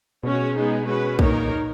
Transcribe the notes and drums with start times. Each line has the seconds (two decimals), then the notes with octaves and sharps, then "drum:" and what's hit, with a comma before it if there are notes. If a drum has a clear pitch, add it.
0.24 B2 G#3 C#4 F#4 C#5
0.56 G#3 B3 D#4 G#4
0.87 G#3 C#4 F#4 B4
1.19 A#2 D#3 A#3 D#4 A#4 C#5, drum: kick